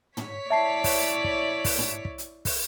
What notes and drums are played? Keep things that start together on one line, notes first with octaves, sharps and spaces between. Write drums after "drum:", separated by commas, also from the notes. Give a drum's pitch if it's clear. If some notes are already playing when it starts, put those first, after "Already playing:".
C#5 B6, drum: tom
E4 D5 E5 A5 C7
drum: kick, open hi-hat
drum: kick
drum: kick, open hi-hat
drum: tom
drum: kick
drum: hi-hat
drum: kick, open hi-hat